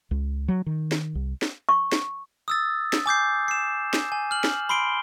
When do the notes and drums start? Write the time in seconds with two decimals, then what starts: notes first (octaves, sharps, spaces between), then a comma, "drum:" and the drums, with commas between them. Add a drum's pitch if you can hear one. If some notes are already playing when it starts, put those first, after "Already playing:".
0.11 C#2
0.48 F#3
0.66 D#3
0.92 drum: snare
1.15 C2
1.42 drum: snare
1.69 C#6
1.92 drum: snare
2.48 D#6 E6 A6
2.93 drum: snare
3.06 G#5 D6 G6 C7
3.48 C7 E7
3.94 drum: snare
4.12 G#5
4.31 F6 F#7
4.44 drum: snare
4.69 B5 C6 C7 D7 G7